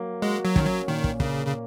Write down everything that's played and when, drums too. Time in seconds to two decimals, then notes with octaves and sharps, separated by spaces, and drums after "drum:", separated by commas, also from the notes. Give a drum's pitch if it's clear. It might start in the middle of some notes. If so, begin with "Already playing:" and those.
Already playing: F#3 A#3
0.22 G#3 F#4
0.45 F#3
0.56 D#3 C#4, drum: kick
0.66 F#3
0.87 A#2 D#3
1.04 drum: kick
1.20 C#3 A#3, drum: kick
1.47 C#3